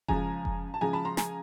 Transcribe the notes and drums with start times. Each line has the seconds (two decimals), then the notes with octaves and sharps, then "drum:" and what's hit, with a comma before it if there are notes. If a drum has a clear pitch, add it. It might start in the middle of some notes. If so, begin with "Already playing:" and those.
0.08 C#3 F3 G#3 G#5 A#5, drum: kick F1
0.45 drum: kick F1
0.74 A5
0.81 C#3 F3 G#3 G#5 A#5
0.93 A5 B5
1.05 A#5 C6
1.17 G#5 A#5, drum: snare